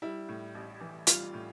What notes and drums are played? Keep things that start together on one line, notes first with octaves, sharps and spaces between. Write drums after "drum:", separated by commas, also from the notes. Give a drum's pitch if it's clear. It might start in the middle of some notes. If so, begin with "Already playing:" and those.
G3 E4
A2
A1
E3
G3 F4, drum: hi-hat
A2